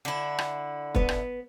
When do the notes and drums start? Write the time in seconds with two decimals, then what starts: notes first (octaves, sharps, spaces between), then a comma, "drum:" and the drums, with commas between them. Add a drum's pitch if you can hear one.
0.05 D3 E4
0.39 drum: rim click
0.95 B3 B4, drum: kick
1.09 drum: rim click